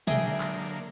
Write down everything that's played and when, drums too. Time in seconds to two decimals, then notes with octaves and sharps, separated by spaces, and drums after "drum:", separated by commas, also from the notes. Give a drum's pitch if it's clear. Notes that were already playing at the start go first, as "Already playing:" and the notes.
0.07 D3 F#3 G#3 A#3 G#4 E5 G5, drum: tom
0.41 drum: clap